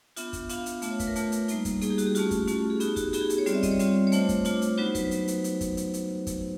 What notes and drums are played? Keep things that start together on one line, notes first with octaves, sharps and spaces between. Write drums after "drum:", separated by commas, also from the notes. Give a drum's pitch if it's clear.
B3 D4 F4 E5, drum: hi-hat
drum: kick, hi-hat
B3 D4 F4 F5, drum: hi-hat
drum: hi-hat
A3 D4 F4 E5, drum: hi-hat
C#5
B4, drum: kick, hi-hat
A#4
A3 D4 F4, drum: hi-hat
drum: hi-hat
G3 A#3 D#4, drum: hi-hat
drum: kick, hi-hat
G3 A#3 D#4 G#4, drum: hi-hat
G4
F#4, drum: hi-hat
G4
A3 C#4 F4 F#4, drum: hi-hat
drum: kick, hi-hat
A3 C#4 F4, drum: hi-hat
G#4
B3 D#4 F#4 G4, drum: hi-hat
F#4, drum: kick, hi-hat
B3 D#4 F#4 G#4, drum: hi-hat
G4
G#4, drum: hi-hat
C#5
G3 C4 F4 D5, drum: hi-hat
E5
D#5, drum: kick, hi-hat
C#5
G3 C4 F4, drum: hi-hat
C#5
A3 D4 F4 C5, drum: hi-hat
drum: kick, hi-hat
A3 D4 F4, drum: hi-hat
drum: hi-hat
F#3 B3 D#4 F#4 C5
B4, drum: kick, hi-hat
drum: hi-hat
drum: hi-hat
drum: hi-hat
drum: kick, hi-hat
drum: hi-hat
drum: hi-hat
drum: kick, hi-hat